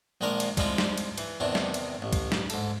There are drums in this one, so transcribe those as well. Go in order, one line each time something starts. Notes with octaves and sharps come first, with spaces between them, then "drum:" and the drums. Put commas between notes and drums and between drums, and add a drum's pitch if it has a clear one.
A#1 D#3 G#3 D4 A#4 F5
drum: cymbal
F3 G3 G#3 C4 E4 F4, drum: kick C#2, cymbal
drum: snare
drum: cymbal
E3, drum: cymbal
E2 C3 D#3 D4 D#4
drum: snare
drum: cymbal
A1
drum: kick C#2, cymbal
drum: snare
G#2 A4, drum: cymbal